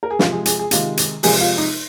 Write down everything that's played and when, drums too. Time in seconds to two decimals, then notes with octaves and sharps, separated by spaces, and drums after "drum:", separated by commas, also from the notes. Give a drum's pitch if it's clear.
0.03 A#4
0.10 G#4
0.19 C3 F3 G#3 F4, drum: snare
0.32 G#4
0.46 G#4, drum: hi-hat
0.59 G#4
0.71 C3 D#3 G#3 F4, drum: hi-hat
0.97 drum: hi-hat
1.23 C3 F3 G#3 G#4, drum: open hi-hat
1.41 F4
1.58 D#4